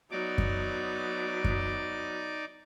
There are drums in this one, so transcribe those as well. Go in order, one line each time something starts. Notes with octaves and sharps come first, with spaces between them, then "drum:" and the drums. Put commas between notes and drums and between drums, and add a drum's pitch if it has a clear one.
F#3 B3 D#4 D5 D6
drum: kick F#2
drum: kick F#2